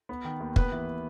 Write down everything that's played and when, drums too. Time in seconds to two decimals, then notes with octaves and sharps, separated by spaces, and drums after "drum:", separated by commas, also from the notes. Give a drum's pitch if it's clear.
0.09 B3
0.25 D#3
0.40 D#2
0.56 B3 B4, drum: kick
0.72 E3